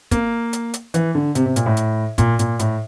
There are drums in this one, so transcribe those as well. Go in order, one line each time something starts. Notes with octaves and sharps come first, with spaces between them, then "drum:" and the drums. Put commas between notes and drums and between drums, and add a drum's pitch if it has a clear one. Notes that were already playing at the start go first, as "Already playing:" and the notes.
A#3, drum: kick, hi-hat
drum: hi-hat
drum: hi-hat
E3, drum: hi-hat
D3
C3, drum: hi-hat
C3
A#2, drum: hi-hat
A2
drum: hi-hat
A#2, drum: kick, hi-hat
A#2, drum: hi-hat
A2, drum: hi-hat